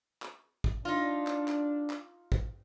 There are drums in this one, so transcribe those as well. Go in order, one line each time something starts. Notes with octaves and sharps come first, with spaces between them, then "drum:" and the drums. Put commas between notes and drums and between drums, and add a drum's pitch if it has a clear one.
drum: clap
drum: kick
D4 D#4 F4
drum: clap
drum: clap
drum: clap
drum: kick